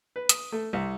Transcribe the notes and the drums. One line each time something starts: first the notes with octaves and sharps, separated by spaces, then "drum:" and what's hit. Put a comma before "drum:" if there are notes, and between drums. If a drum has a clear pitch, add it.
B4
D#6, drum: hi-hat
A3
C2